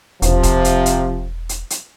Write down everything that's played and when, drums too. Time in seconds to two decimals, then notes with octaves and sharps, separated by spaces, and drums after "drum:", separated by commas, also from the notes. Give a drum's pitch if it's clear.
0.22 E1 C3 F3, drum: hi-hat
0.43 drum: kick, hi-hat
0.65 drum: hi-hat
0.86 drum: hi-hat
1.49 drum: hi-hat
1.70 drum: hi-hat